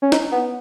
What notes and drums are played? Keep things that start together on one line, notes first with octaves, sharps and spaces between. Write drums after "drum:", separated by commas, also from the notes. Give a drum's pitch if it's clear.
C#4
D#4, drum: snare
B3